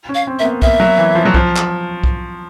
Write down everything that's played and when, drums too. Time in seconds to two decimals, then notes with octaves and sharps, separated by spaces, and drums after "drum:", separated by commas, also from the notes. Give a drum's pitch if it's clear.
0.09 C#4
0.14 F5
0.27 C4
0.39 A#3 E5
0.44 B3
0.62 A#3 E5, drum: kick B1
0.80 F#3
0.98 E3
1.15 F3
1.25 F#3
1.34 F3, drum: kick B1
1.56 drum: clap
2.04 drum: kick B1